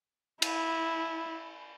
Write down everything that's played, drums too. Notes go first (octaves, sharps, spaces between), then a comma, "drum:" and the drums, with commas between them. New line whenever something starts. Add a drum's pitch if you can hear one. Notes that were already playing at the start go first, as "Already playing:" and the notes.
E4, drum: cymbal